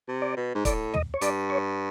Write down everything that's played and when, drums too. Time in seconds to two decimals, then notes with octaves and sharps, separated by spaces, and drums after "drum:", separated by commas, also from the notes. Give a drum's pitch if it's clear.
0.08 C3
0.22 D5
0.37 B2
0.55 G#2
0.65 A2 D5, drum: kick, hi-hat
0.94 D#5, drum: tom
1.14 C#5
1.22 G2 D5, drum: hi-hat
1.50 C#5